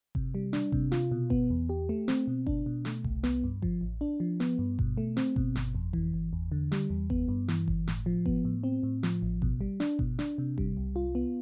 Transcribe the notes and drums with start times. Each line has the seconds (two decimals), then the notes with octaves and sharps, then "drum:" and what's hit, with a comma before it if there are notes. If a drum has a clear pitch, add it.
0.15 C3, drum: kick G1
0.35 G3
0.53 D4, drum: snare
0.72 C3, drum: kick G1
0.92 F4, drum: snare
1.12 B2
1.30 B3, drum: kick G1
1.50 E2
1.69 G4
1.89 A3
2.08 C4, drum: snare
2.27 B2
2.47 D4, drum: kick G1
2.66 B2
2.85 A3, drum: snare
3.04 C2, drum: kick G1
3.24 B3, drum: snare
3.44 G2
3.62 F3, drum: kick G1
3.81 A1
4.01 D4
4.20 F3
4.40 B3, drum: snare
4.59 G2
4.79 B2, drum: kick G1
4.97 A3
5.17 C4, drum: snare
5.36 B2, drum: kick G1
5.56 G1, drum: snare
5.75 F2
5.93 E3, drum: kick G1
6.14 G1
6.33 E2
6.52 D3
6.72 G3, drum: snare
6.90 E2
7.10 B3, drum: kick G1
7.28 G2
7.48 E3, drum: snare
7.68 G1, drum: kick G1
7.88 A2, drum: snare
8.06 F3
8.26 B3, drum: kick G1
8.45 A2
8.64 C4
8.83 A2
9.03 F3, drum: snare
9.22 A1
9.42 B2, drum: kick G1
9.61 G3
9.80 D4, drum: snare
9.99 B2, drum: kick G1
10.19 D4, drum: snare
10.38 C3
10.58 G3, drum: kick G1
10.77 C2
10.96 F4
11.15 B3